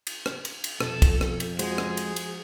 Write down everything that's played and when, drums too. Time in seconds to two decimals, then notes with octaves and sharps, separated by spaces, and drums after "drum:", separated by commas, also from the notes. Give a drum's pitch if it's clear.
0.07 drum: cymbal
0.26 drum: rim click
0.45 drum: cymbal
0.64 drum: cymbal
0.81 F2 B2 A4, drum: rim click
1.02 drum: kick, cymbal
1.21 drum: rim click
1.40 drum: cymbal
1.59 F3 G#3 F#4 G#4 C5, drum: cymbal
1.78 drum: rim click
1.97 drum: cymbal
2.16 drum: cymbal